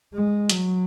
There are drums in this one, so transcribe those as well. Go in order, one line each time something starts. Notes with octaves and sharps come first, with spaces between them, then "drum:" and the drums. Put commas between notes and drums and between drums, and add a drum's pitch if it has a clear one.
G#3
F#3, drum: hi-hat